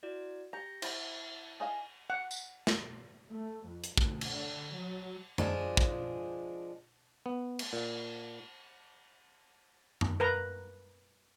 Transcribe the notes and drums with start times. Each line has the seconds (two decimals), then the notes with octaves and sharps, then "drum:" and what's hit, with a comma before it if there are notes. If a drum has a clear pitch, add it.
0.03 E4 F#4 D5
0.53 G4 A#5 G6 A#6
0.82 E4 C5 E5 B5 A6, drum: cymbal
1.60 G#4 D#5 F5
2.10 F#5
2.31 drum: tambourine
2.67 drum: snare
3.29 A3
3.65 F2
3.84 drum: hi-hat
3.97 D2, drum: kick
4.21 drum: cymbal
4.31 D3
4.75 F#3
5.38 F3 G#3 D4 G#4, drum: tom F#2
5.77 drum: kick
7.26 B3
7.59 drum: cymbal
7.73 A#2
10.01 drum: tom F#2
10.20 A#4 B4 A#5